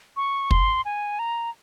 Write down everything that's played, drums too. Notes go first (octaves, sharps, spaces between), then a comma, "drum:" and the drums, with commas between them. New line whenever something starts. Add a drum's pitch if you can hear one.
C#6
C6, drum: kick
G#5
A#5